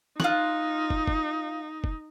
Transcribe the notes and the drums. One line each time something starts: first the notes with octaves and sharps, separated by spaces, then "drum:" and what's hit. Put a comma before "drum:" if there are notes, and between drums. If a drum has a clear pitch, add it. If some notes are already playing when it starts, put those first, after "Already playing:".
D#4 F4 F#6, drum: snare
drum: kick
drum: kick
drum: kick